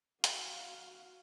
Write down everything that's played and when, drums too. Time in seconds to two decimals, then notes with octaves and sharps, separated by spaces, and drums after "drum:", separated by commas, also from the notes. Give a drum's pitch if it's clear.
0.24 F#4 F5, drum: hi-hat